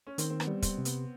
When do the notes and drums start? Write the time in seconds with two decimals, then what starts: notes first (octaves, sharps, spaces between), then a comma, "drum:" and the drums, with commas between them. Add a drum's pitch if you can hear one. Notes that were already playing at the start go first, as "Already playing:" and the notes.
0.07 C#4
0.18 D#3 C4, drum: hi-hat
0.30 C4
0.40 B3, drum: rim click
0.47 G3
0.62 C4, drum: kick, hi-hat
0.78 C3
0.85 B3, drum: hi-hat